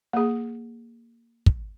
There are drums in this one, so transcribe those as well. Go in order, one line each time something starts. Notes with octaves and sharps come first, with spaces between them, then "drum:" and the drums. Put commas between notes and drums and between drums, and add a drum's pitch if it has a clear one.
A#3 G#4
drum: kick